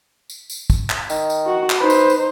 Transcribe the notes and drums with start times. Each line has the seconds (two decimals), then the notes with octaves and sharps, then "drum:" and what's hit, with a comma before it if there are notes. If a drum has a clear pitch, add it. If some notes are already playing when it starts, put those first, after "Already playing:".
0.30 drum: tambourine
0.50 drum: tambourine
0.70 drum: kick, tambourine
0.90 drum: clap
1.10 D#3, drum: tambourine
1.30 drum: tambourine
1.47 F#4
1.70 drum: clap
1.80 D#4 B4 C5
1.90 drum: tambourine
2.10 drum: tambourine